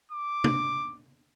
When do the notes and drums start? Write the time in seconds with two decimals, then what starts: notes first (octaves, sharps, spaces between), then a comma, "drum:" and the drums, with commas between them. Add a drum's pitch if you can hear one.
0.12 D6
0.44 drum: tom